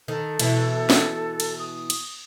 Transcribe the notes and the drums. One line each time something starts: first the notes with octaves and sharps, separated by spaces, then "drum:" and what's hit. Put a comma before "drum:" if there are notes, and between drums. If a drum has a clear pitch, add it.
D#3 A4
B2 E3, drum: cymbal
drum: snare
drum: cymbal
D#6
drum: cymbal